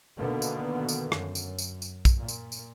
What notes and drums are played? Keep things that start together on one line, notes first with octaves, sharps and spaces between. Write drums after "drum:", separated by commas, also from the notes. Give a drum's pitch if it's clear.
B2 D3 D#3 A#3 B3
drum: tambourine
drum: tambourine
F#2, drum: rim click
drum: tambourine
drum: tambourine
drum: tambourine
drum: kick, tambourine
A#2
drum: tambourine
drum: tambourine